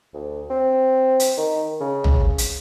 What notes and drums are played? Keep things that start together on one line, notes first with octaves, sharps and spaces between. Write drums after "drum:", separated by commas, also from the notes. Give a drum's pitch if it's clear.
D2
C4
drum: hi-hat
D#3
C#3
drum: tom A#1
drum: hi-hat